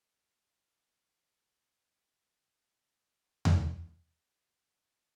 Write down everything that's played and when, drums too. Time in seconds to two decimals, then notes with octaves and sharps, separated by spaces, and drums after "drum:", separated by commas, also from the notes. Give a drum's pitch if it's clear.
0.17 C#4
1.02 D#4
1.88 G4
2.74 G#4
3.45 drum: tom E2
4.45 G#4
4.74 G4